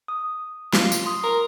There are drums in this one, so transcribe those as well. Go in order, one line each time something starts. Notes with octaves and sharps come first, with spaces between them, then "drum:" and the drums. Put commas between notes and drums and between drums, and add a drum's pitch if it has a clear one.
D#6
F4, drum: snare
drum: tambourine
C6 D#6
A#4